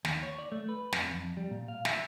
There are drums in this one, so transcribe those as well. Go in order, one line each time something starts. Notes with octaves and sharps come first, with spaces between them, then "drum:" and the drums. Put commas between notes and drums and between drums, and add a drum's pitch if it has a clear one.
D#2, drum: snare
C#5
D5
A3
B4
F2, drum: snare
F2
G3
A#2
F5
E5, drum: snare